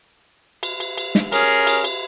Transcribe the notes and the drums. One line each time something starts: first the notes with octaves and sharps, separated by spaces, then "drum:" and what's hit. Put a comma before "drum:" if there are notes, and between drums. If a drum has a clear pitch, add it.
drum: cymbal
drum: cymbal
drum: cymbal
drum: snare
C#4 G#4 A#4, drum: cymbal
drum: cymbal
drum: cymbal